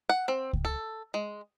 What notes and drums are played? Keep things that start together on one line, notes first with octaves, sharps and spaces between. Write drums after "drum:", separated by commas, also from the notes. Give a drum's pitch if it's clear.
F#5
C4
drum: kick C#2
A4
G#3